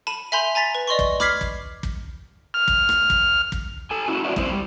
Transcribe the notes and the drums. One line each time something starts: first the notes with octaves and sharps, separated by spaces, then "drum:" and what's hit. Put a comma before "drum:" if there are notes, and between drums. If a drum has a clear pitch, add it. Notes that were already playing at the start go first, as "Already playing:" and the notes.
A5 B5 D#7
E5 G#5 B5 C6 G6 F7
G#5 A#5 A6 B6 F7
B4
D5 D#5 C6 C#6
drum: kick
B5 D6 F6 G#6 B6 C7, drum: rim click
drum: kick
drum: kick
F6
drum: kick
drum: rim click
drum: kick
drum: kick
A4 G#5
C#4 E4 F#4
C#4 F#4 B4 D5 E5 F#5
G#3 C4 E4 C5, drum: kick
G3